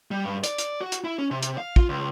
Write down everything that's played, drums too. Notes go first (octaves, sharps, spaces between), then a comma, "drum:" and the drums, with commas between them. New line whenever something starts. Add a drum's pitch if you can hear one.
G3
G2
D5, drum: hi-hat
drum: hi-hat
F#4
drum: hi-hat
E4
C#4
C3
drum: hi-hat
F5
F4, drum: kick
C#2